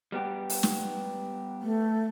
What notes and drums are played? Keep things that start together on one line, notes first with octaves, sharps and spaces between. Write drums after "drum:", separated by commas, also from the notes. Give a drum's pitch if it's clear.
G3 B3 G4
drum: open hi-hat
drum: snare
A3